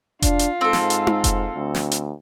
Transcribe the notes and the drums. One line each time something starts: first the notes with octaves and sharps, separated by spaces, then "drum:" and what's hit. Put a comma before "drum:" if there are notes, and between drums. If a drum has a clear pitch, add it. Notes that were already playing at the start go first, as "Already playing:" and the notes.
D4 F4, drum: kick F1, hi-hat
drum: hi-hat
G#2 C4 A4
drum: snare
drum: hi-hat
drum: tom D#4
drum: kick F1, hi-hat
D2
drum: snare
drum: hi-hat